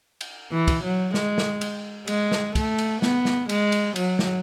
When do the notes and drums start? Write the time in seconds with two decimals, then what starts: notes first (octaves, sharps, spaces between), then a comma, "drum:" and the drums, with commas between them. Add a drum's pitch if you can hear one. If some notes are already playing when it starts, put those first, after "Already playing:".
0.21 drum: cymbal
0.52 E3
0.68 drum: kick, cymbal
0.83 F#3
1.14 G#3, drum: snare
1.38 drum: snare
1.61 drum: cymbal
2.07 G#3, drum: cymbal
2.32 drum: snare
2.55 A3, drum: kick, cymbal
2.78 drum: cymbal
3.02 B3, drum: snare
3.25 drum: snare
3.49 G#3, drum: cymbal
3.72 drum: cymbal
3.96 F#3, drum: cymbal
4.19 drum: snare